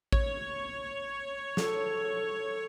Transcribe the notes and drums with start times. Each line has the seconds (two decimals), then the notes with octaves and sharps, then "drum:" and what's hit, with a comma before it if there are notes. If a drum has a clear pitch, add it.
0.12 C#5, drum: kick A1
1.57 A4, drum: snare